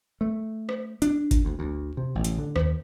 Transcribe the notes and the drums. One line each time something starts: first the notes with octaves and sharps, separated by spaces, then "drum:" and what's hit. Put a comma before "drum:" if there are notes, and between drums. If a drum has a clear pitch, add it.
A3
drum: rim click
D4, drum: hi-hat
drum: kick G1, hi-hat
D2
D2
C3
A1
drum: hi-hat
D3
D#2, drum: rim click